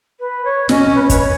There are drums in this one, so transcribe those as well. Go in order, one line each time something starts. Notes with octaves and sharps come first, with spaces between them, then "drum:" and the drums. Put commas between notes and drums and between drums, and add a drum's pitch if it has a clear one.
B4
C#5
C#4 D#5, drum: snare
B4
C#5
B4, drum: kick, hi-hat
C#5